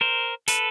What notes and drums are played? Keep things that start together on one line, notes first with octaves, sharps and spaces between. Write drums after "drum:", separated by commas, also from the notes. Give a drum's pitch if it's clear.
A#4 C5
A4 B4, drum: hi-hat